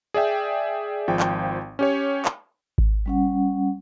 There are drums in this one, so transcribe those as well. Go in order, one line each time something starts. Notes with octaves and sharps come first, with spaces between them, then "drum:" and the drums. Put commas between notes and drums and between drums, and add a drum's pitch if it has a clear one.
G#4 D5 E5 G5
G#1 F3 G5
drum: clap
C#4 G4 C#5
drum: clap
drum: kick G#1
G3 C#4 F#5